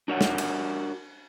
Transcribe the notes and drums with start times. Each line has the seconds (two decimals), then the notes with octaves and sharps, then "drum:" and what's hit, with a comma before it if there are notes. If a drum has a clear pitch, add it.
0.08 D4 F#4 A#4 C#5 E5 F#5
0.21 drum: snare
0.38 drum: cymbal